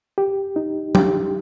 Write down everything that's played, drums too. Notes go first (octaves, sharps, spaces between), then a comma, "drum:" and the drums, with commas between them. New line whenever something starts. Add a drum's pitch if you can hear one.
G4
D#4
G4, drum: tom